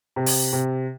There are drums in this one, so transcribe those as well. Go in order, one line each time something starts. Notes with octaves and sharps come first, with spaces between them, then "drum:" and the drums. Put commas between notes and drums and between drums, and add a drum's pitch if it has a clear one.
C3
drum: open hi-hat
C3